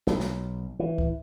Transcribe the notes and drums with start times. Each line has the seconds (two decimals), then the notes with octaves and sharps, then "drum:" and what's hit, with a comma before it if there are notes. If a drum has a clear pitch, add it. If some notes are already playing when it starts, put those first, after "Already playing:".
0.07 B1, drum: snare
0.20 drum: snare
0.80 E3
0.98 drum: kick C#2